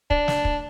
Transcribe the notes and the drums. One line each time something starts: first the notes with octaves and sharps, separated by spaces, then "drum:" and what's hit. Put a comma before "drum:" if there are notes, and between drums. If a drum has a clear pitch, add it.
D4, drum: kick
drum: snare
drum: kick